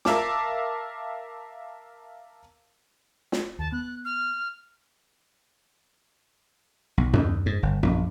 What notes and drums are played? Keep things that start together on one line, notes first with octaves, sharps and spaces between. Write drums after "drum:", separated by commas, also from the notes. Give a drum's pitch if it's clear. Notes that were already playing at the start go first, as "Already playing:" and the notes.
A#4 E5 F5 A5 D6, drum: snare
drum: snare
D#2 A5
B3 F#6
F6
B1
D#2, drum: tom F#2
G#2
G1
A#1, drum: tom F#2